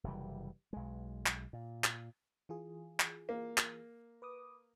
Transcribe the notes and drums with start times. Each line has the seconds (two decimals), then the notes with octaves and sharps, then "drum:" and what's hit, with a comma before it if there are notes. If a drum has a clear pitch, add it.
0.04 F#1 C3 E3 G3
0.73 B1 G#3
1.26 drum: clap
1.53 A#2
1.84 drum: clap
2.49 E3 F4 G#4
3.00 drum: clap
3.29 A#3
3.58 drum: clap
4.22 B4 D6 D#6